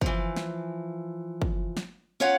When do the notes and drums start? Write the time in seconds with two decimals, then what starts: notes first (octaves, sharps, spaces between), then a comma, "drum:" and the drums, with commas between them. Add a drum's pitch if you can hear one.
0.01 E3 F3, drum: kick
0.36 drum: snare
1.42 drum: kick
1.77 drum: snare
2.20 C#4 F4 C#5 F5 F#5